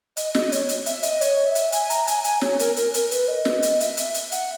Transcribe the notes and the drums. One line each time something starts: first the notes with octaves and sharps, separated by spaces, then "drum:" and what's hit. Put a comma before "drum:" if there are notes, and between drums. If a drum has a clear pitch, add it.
D#5, drum: hi-hat
D#5, drum: snare
C#5, drum: hi-hat
drum: hi-hat
E5, drum: hi-hat
D#5, drum: hi-hat
C#5, drum: hi-hat
E5
drum: hi-hat
G#5, drum: hi-hat
A#5, drum: hi-hat
G#5, drum: hi-hat
G#5, drum: hi-hat
C#5, drum: snare
A#4, drum: hi-hat
A#4, drum: hi-hat
A#4, drum: hi-hat
B4, drum: hi-hat
D#5
drum: snare
drum: hi-hat
E5, drum: hi-hat
drum: hi-hat
drum: hi-hat
F#5, drum: hi-hat